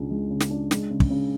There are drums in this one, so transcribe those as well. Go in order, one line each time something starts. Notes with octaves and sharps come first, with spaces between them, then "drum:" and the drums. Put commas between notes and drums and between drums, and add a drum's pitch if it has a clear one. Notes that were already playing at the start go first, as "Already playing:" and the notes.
Already playing: C#2 C#3 D4
G#3
C#3
drum: snare
D4
G#3, drum: snare
C#3
drum: kick
C#3